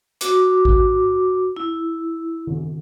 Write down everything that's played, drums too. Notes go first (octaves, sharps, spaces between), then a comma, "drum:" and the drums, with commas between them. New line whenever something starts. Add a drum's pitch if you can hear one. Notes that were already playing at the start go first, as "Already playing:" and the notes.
F#4 D6, drum: hi-hat
drum: kick A1
E4
drum: tom D#3